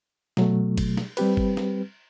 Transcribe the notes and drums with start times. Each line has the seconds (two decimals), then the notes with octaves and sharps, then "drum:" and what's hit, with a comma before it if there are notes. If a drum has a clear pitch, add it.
0.37 B2 F#3 A3, drum: snare
0.78 drum: kick G1, cymbal
0.97 drum: snare
1.17 G3 C4 G4 B4, drum: cymbal
1.37 drum: kick G1
1.57 drum: snare